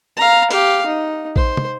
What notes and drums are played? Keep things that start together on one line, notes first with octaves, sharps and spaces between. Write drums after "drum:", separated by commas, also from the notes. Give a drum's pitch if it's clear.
F5 A#5
G4 F5, drum: hi-hat
D#4
C5, drum: kick A#1
drum: tom